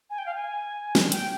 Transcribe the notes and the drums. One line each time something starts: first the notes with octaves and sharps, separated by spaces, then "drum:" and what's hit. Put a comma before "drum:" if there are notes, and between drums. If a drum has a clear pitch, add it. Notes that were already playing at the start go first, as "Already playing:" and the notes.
G#5
G5
F5
G#5
drum: snare
G5, drum: hi-hat